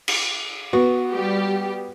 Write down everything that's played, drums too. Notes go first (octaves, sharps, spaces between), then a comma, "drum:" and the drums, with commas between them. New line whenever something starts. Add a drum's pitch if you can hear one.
drum: cymbal
B3 F#4
G3 G4